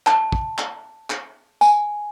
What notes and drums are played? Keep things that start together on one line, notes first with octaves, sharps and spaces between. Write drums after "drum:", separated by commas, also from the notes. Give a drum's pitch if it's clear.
A5, drum: clap
drum: kick
drum: clap
drum: clap
G#5, drum: tambourine